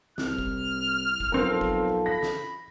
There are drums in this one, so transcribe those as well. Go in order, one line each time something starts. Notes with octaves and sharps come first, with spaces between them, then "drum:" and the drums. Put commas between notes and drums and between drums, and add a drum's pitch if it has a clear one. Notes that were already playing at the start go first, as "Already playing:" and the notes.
C2 F6, drum: snare
drum: kick G1
drum: kick G1
B1 F3 C4 F4 A4 A#4
drum: kick G1
B5 A#6
drum: snare